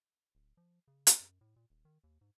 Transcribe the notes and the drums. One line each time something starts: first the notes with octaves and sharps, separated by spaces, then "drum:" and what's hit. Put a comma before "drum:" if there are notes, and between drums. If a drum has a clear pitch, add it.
D1
F3
C#3
drum: hi-hat
F#2
A2
A#2
D#1
D#3
D#2
G#2